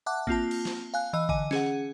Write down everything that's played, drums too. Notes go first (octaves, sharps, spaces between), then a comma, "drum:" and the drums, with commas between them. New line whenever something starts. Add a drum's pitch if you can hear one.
E5 F#5 A5 D6 F#6
A#3 C4 F4 A5, drum: kick
drum: cymbal
drum: snare
F5 G#5 F#6
E3 D#5 E6
D3 D#5 G#5 D#7, drum: kick
C#4 G#4 F#5, drum: snare